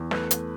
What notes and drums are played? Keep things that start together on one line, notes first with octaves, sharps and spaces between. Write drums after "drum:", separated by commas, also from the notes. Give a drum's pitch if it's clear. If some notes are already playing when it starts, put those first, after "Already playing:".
Already playing: E2
A3 B4, drum: snare
drum: hi-hat